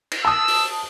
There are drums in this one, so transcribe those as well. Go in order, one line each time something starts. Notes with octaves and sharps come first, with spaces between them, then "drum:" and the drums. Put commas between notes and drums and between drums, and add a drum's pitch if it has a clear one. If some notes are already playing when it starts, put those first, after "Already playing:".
drum: cymbal
A5 D#6 E6
drum: open hi-hat